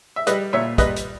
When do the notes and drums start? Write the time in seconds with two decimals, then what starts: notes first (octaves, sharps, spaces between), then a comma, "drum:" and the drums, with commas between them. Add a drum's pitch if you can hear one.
0.16 E5
0.27 G3 B4 D#5, drum: hi-hat
0.53 A#2 C#5 E5
0.78 G3 B4 D#5, drum: kick, hi-hat
0.96 drum: hi-hat